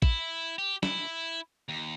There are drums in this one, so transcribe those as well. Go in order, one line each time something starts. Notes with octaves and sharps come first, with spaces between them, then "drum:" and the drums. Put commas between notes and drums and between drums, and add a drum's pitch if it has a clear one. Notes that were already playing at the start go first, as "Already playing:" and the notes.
E4, drum: kick A1
G4
E4, drum: snare
D#2